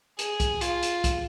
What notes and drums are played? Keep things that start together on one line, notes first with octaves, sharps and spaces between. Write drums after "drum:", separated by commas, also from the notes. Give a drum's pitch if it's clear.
G#4, drum: hi-hat
drum: kick, hi-hat
F4, drum: hi-hat
drum: hi-hat
drum: kick, hi-hat